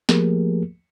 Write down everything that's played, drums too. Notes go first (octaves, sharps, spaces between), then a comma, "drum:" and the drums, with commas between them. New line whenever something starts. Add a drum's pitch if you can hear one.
F3 A3 A#3 G4 G#4 A#4, drum: snare